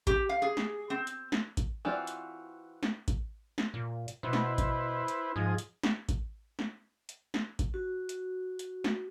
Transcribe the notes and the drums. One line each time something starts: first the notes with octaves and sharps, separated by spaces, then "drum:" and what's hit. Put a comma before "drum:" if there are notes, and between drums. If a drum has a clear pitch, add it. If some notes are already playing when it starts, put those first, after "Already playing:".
G4, drum: kick A1, hi-hat
F5
G#4
drum: snare
C4
drum: hi-hat
drum: snare
drum: kick A1, hi-hat
E3 C4 F4 F#4 D5
drum: hi-hat
drum: snare
drum: kick A1, hi-hat
drum: snare
A#2
drum: hi-hat
B2 E4 B4 C5
drum: snare
drum: kick A1, hi-hat
drum: hi-hat
G#2 F3 G#4 D#5
drum: hi-hat
drum: snare
drum: kick A1, hi-hat
drum: snare
drum: hi-hat
drum: snare
drum: kick A1, hi-hat
F#4
drum: hi-hat
drum: hi-hat
drum: snare